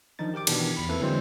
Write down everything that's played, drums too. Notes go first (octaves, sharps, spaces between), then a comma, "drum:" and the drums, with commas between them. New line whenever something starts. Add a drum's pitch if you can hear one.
D#3 F3 D4 D#4 A6
G4 A#4 G5 D6
B2 D#3 E3 D4 G4, drum: cymbal
E2 B5
A#3 C4 E4 A4 B4
D3 E3 F#3 G#3 C4 C5